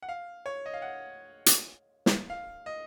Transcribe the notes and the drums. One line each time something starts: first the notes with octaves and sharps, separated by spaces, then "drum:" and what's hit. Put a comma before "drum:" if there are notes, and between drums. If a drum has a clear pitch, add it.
F#5
F5
C#5
D#5
F5
F#5
drum: hi-hat
drum: snare
F5
D#5